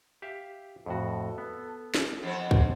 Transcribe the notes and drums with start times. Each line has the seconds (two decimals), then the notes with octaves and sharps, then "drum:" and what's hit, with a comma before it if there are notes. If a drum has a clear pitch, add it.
0.22 G4 E5 F5
0.86 F2 A2 F#4 A4
1.38 B3
1.95 drum: snare
2.23 F2 C4 F#5
2.51 drum: kick